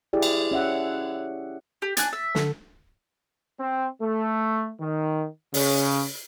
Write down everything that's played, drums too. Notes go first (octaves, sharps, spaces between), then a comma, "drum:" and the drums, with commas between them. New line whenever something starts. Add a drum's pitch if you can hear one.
E4 G4 G#4 D5
drum: cymbal
C#4 E5 F#5
G4
D4 G#5 F#6 A6, drum: hi-hat
E5
D3 A4, drum: snare
C4
A3
D#3
C#3, drum: open hi-hat